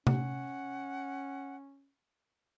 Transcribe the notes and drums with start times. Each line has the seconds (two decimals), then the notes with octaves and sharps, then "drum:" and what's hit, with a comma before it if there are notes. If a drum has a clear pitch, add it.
0.07 C#4 F#5, drum: tom C3